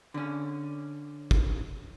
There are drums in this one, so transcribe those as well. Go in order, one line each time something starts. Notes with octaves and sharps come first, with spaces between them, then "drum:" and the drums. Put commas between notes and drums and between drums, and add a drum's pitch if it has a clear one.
D3 C#4
drum: kick